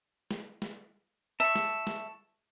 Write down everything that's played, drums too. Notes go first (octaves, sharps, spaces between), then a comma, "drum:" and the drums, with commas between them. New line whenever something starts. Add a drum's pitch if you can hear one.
drum: snare
drum: snare
E5 A5 C#6
drum: snare
drum: snare